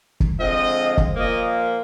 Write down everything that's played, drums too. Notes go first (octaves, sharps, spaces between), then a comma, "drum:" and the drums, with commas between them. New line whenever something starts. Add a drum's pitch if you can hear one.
drum: kick
D3 F3 G#3 C4 D#5
drum: kick
A#2 F3 A#3 D#5